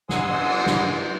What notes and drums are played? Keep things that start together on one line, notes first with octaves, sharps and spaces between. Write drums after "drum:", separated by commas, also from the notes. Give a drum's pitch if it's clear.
F#5 G#5 C6 D#6 E6, drum: snare
drum: cymbal
drum: cymbal
drum: snare